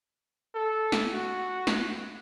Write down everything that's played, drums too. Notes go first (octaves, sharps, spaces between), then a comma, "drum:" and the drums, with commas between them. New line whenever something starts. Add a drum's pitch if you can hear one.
A4
drum: snare
F#4
drum: snare